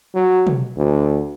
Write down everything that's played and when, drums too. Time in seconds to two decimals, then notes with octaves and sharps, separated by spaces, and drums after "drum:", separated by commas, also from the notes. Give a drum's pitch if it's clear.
0.15 F#3
0.47 drum: tom
0.76 D2